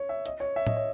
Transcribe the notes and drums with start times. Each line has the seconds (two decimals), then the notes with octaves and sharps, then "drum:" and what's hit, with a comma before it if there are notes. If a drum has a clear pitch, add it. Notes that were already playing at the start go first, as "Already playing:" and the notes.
Already playing: C#5
0.09 E5
0.26 D#5, drum: hi-hat
0.40 C#5
0.56 E5
0.67 D#5, drum: tom A2
0.77 C#5